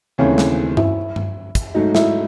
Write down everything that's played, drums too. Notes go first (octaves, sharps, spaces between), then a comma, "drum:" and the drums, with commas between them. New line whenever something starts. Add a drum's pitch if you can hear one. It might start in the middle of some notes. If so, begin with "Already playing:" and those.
D#2 C#3 E3 A3 C4 C#4
drum: snare
E4, drum: tom G2
drum: tom G2
drum: kick, hi-hat
G#2 F#3 A3 D#4
E4, drum: snare